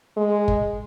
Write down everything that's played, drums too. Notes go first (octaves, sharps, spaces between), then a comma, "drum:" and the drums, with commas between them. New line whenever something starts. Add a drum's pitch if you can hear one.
G#3
drum: kick